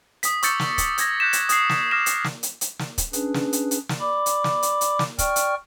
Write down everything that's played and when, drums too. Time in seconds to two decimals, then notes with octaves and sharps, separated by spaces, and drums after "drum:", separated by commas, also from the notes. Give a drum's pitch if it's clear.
0.23 D#6 B6, drum: hi-hat
0.43 C#6 D6 E6 G6 A6 C#7, drum: hi-hat
0.60 drum: snare
0.78 drum: kick, hi-hat
0.98 E6 G#6 A#6, drum: hi-hat
1.20 F#6 G6 B6 E7
1.33 drum: hi-hat
1.49 D#6 C7, drum: hi-hat
1.69 drum: snare
1.91 D6 D#6 F6 A#6 E7
2.06 drum: hi-hat
2.24 drum: snare
2.43 drum: hi-hat
2.61 drum: hi-hat
2.79 drum: snare
2.98 drum: kick, hi-hat
3.13 C#4 D4 G#4 B4, drum: hi-hat
3.34 drum: snare
3.53 drum: hi-hat
3.71 drum: hi-hat
3.89 drum: snare
4.00 D5 B5 D6
4.26 drum: hi-hat
4.44 drum: snare
4.63 drum: hi-hat
4.81 drum: hi-hat
4.99 drum: snare
5.18 D5 G5 C#6 F6, drum: kick, hi-hat
5.36 drum: hi-hat